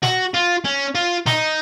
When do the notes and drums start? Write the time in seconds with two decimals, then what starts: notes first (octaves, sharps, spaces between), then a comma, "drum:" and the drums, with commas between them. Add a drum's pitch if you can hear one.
0.03 F#4, drum: snare
0.34 F4
0.64 C#4
0.95 F4
1.26 D#4, drum: snare